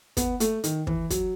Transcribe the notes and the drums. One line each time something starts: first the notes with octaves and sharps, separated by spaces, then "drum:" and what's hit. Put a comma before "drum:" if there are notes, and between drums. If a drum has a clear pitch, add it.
B3, drum: kick, hi-hat
A3, drum: hi-hat
D#3, drum: hi-hat
E3, drum: kick
F#3, drum: kick, hi-hat